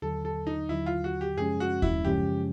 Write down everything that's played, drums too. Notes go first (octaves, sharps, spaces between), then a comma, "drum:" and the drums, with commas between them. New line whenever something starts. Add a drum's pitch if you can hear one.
D#2 D3 F#3 A4
A4
D#4
D#2 D3 F#3 E4
F4
F#4
G4
F#2 C#3 F3 G#3 C#4 G#4
F#4
E4, drum: kick D#2
F#2 C#3 F3 G#3 C#4 G4